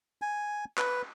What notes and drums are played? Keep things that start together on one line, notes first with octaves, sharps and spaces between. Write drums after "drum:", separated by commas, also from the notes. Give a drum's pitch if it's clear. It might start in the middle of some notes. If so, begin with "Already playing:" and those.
G#5
B4, drum: clap